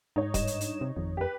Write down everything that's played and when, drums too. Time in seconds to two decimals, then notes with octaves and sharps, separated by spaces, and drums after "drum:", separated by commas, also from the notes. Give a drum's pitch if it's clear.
0.16 G#2 D#4 C#5
0.34 G2 D#5 E7, drum: kick, hi-hat
0.47 drum: hi-hat
0.61 drum: hi-hat
0.81 C3
0.96 G#1 F2
1.17 G4 B4